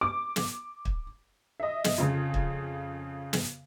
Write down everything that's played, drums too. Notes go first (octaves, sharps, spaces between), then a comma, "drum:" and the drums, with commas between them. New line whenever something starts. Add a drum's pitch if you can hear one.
D6
drum: snare
drum: kick
D#5 E5
drum: snare
F2 C#3
drum: kick
drum: snare